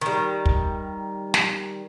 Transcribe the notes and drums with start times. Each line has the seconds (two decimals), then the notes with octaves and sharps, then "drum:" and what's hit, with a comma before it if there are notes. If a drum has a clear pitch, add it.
0.01 D#3 G3
0.46 drum: kick
1.34 drum: snare